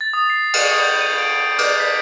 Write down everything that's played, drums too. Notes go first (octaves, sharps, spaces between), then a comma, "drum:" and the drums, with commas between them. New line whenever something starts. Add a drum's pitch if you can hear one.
A6
D#6
C7
drum: cymbal
D#6
G6
D#7
D7
D6, drum: cymbal
B6